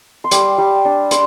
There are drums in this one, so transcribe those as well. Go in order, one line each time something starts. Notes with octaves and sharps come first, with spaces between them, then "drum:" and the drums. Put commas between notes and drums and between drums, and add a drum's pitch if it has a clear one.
C6
G3 D6, drum: hi-hat
G3
D4
C6, drum: hi-hat